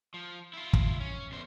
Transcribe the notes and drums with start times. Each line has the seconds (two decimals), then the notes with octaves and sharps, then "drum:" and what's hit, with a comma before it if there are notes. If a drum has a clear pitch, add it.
0.14 F3
0.53 E4 F4
0.73 drum: kick
1.00 C#4
1.32 E2 C5